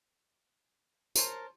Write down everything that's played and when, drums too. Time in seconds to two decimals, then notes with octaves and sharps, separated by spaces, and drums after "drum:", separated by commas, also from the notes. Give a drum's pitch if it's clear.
1.16 A#4 C5 C#5 A5, drum: tambourine